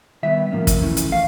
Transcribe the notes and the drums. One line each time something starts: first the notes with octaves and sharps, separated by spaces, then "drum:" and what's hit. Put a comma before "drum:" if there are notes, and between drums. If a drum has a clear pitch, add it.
D#3 G3 B3 E5
A2 F3 A#3 C#4
drum: kick, hi-hat
E3 A3 C#4
drum: hi-hat
A3 F5